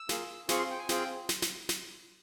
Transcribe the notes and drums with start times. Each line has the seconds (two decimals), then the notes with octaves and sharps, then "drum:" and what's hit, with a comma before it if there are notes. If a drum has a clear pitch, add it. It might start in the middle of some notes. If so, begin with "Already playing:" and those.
Already playing: E6
0.09 A#3 F4 G#4, drum: snare
0.49 C4 F4 G#4 C#6, drum: snare
0.59 C6
0.71 G5
0.79 G#5
0.89 C4 F4 G#4 G5, drum: snare
1.29 drum: snare
1.42 drum: snare
1.69 drum: snare